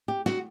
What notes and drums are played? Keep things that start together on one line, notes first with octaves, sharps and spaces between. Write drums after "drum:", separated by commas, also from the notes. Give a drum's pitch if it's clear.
G4
F#4, drum: snare